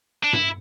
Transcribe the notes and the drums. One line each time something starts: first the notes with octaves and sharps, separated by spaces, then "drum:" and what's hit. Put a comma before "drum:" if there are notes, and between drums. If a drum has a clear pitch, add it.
D4
E4, drum: tom G2